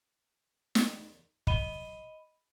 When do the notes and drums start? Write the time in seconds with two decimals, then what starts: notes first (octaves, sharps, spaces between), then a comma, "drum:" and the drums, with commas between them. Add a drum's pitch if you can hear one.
0.75 drum: snare
1.47 D#5 B5 D#7 G7, drum: kick